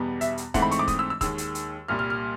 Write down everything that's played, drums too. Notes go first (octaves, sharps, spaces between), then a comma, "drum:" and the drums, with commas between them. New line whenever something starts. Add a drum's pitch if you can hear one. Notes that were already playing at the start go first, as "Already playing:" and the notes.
Already playing: E2 B2 G3 B3
E5, drum: hi-hat
drum: hi-hat
G#2 E3 A3 C4 F#5, drum: kick, hi-hat
B5
C#6, drum: hi-hat
D6
D#6, drum: kick, hi-hat
E6
E6
D#2 D#3 G#3 E6, drum: kick, hi-hat
drum: hi-hat
drum: hi-hat
C2 A#2 G3 F6
F6
F6